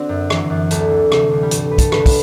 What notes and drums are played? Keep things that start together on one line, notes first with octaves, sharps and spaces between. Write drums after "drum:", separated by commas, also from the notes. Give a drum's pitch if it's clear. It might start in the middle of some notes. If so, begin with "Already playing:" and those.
Already playing: D3 C4 D4 F#4
F#2
E3, drum: rim click
F#2
D2 A3, drum: hi-hat
E3
C3, drum: rim click
D2
G3
G2 A3, drum: hi-hat
G2 B4
A4, drum: kick, hi-hat
D3 B4, drum: rim click
drum: kick, open hi-hat